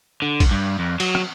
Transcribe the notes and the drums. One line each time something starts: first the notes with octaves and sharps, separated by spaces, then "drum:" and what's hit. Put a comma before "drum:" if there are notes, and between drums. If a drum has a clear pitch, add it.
D3
drum: kick A#1, cymbal
G2
F2
F#3, drum: cymbal
drum: rim click